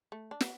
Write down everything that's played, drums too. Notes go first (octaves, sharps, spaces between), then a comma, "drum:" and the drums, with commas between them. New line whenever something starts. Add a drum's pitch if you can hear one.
A3
D4
B3, drum: snare